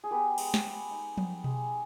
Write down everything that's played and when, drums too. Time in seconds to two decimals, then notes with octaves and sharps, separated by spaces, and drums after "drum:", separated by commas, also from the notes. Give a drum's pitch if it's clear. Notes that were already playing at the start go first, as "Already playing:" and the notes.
0.04 G#4
0.11 B3 G4 B4
0.38 G#3, drum: cymbal
0.54 drum: snare
0.64 G#3
0.91 D#4
1.17 B3, drum: tom F3
1.44 G#3, drum: tom B2